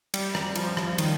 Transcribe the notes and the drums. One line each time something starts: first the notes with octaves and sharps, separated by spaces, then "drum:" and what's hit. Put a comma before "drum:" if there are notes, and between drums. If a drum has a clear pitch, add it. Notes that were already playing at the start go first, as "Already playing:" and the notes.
G3, drum: cymbal
drum: rim click
F3, drum: cymbal
drum: rim click
D#3, drum: cymbal